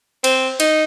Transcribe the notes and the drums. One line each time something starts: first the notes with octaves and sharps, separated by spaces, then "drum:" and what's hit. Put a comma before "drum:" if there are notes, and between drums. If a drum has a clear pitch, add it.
C4, drum: cymbal
D#4, drum: cymbal